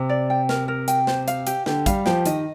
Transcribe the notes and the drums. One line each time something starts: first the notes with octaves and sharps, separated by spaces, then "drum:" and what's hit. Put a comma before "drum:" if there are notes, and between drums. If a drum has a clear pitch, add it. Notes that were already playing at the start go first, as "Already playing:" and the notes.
Already playing: C3
D5
G5
A#4, drum: snare
A#4
G5, drum: hi-hat
C5, drum: snare
F5, drum: hi-hat
G4, drum: hi-hat
D3 G4, drum: snare
G3 F5, drum: kick, hi-hat
F3 G4, drum: snare
D#3 D#5, drum: hi-hat